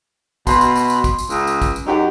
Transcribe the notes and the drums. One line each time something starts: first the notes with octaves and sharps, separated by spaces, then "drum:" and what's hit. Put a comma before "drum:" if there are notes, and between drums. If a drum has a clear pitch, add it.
B2 C6, drum: kick, tambourine
drum: tambourine
drum: tambourine
drum: tambourine
drum: kick, tambourine
drum: tambourine
C#2, drum: tambourine
drum: tambourine
drum: kick, tambourine
drum: tambourine
F#2 D#4 G4 F#5